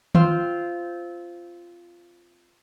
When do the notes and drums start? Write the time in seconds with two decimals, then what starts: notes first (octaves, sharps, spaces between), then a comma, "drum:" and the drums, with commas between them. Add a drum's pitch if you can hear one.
0.15 C4 F4 C5, drum: tom D#3